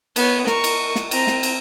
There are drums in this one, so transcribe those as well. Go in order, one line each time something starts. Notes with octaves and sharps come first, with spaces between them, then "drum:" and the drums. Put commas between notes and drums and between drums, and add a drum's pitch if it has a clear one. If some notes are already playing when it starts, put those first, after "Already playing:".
B3 C#5, drum: cymbal
A#4 C#6, drum: snare
drum: cymbal
drum: snare
C4 A#5, drum: cymbal
drum: snare
drum: cymbal